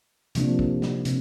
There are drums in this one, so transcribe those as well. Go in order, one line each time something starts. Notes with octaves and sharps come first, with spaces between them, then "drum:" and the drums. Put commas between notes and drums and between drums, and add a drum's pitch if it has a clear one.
C3 F3 A#3 D4, drum: hi-hat
drum: kick
drum: snare
C3, drum: hi-hat